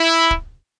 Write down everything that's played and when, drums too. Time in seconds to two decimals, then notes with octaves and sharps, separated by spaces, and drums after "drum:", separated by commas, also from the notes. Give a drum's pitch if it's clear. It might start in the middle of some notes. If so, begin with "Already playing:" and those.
Already playing: E4
0.31 drum: kick